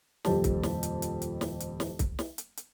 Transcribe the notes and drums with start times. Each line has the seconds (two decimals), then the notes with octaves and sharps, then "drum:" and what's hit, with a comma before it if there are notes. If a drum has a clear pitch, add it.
0.25 D#1 F2 G4 A5, drum: snare
0.44 drum: kick C2, hi-hat
0.63 drum: snare
0.83 drum: hi-hat
1.02 drum: hi-hat
1.22 drum: hi-hat
1.41 drum: snare
1.60 drum: hi-hat
1.80 drum: snare
1.99 drum: kick C2, hi-hat
2.19 drum: snare
2.38 drum: hi-hat
2.57 drum: hi-hat